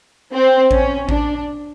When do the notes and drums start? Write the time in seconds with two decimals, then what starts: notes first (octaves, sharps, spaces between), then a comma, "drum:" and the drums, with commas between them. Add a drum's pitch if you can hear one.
0.32 C4
0.71 C#4, drum: kick A1
1.09 D4, drum: kick A1